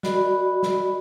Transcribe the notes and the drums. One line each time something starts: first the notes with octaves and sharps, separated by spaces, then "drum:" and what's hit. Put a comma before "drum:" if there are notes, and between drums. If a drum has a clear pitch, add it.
F#4 A#4 D5 D#5 B5, drum: snare
drum: snare